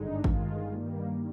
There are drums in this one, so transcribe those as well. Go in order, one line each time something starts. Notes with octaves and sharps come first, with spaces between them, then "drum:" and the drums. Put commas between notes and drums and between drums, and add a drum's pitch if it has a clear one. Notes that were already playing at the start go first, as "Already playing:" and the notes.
Already playing: G#1 G2 D3 G#3 D#4
D4
G1 G2 D#3 G#3 F4, drum: kick
G2 D#3 G3 A#3